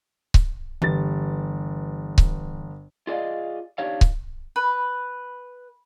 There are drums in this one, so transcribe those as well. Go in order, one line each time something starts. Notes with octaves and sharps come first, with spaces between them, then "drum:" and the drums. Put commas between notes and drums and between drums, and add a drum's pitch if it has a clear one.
drum: kick C#1
G1 E3 G4 A6
drum: kick C#1
F4 G#4 D5 D#5 F5
D4 D#4 G4 C#5 F5
drum: kick C#1
B4